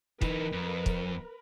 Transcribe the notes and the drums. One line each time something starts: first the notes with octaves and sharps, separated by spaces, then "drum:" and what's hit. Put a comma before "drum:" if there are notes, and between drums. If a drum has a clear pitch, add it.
E3 D#4 A#4 B4, drum: kick
F2
drum: kick